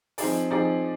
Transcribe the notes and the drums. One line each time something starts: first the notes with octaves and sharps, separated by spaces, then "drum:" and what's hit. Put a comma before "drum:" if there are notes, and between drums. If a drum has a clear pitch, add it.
F3 C4 D#4 G#4 D5, drum: open hi-hat
F3 C4 D#4 G#4 D5